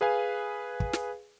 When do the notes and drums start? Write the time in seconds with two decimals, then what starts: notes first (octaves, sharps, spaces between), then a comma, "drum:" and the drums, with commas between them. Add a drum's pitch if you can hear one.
0.01 G#4 B4 F5 G#5
0.80 drum: kick
0.93 drum: snare